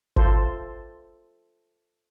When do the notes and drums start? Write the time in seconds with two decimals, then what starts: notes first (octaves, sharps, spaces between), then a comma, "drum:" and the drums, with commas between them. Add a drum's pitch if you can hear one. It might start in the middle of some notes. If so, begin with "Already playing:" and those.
0.16 F4 A4 C5, drum: kick G1